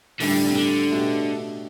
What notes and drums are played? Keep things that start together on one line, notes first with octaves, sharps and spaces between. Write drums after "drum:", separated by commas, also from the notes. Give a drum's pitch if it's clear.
A2 D3 G3 D4 G4, drum: open hi-hat
C3
D3
B2 A3 D4 G4